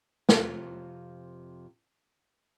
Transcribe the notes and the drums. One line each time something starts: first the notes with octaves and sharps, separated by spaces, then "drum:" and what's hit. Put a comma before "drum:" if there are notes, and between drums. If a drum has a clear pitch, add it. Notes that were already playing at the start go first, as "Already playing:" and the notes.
F2 C3 F4, drum: snare